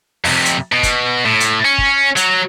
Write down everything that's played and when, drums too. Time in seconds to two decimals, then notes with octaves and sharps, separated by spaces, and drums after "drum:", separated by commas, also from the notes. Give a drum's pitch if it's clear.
0.25 F2 C3, drum: open hi-hat
0.45 drum: hi-hat
0.72 B2
0.83 drum: kick, hi-hat
1.25 A2
1.40 drum: hi-hat
1.65 C#4
1.78 drum: kick
2.16 F#3, drum: hi-hat